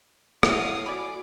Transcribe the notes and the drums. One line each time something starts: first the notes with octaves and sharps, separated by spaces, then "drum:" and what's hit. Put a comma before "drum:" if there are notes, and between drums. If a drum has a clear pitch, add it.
A2 E4 F5 F#5 D#6, drum: rim click
F#4 D5 G#5 B5 D6